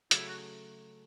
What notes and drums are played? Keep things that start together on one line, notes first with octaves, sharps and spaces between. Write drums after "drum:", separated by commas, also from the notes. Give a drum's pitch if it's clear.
C#3 F#3 A3 E4, drum: hi-hat
F#4